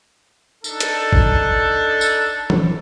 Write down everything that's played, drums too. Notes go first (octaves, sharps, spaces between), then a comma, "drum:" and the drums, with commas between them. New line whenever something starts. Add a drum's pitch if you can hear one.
D4 D#4 A4, drum: tambourine
drum: hi-hat
drum: kick
drum: tambourine
drum: tom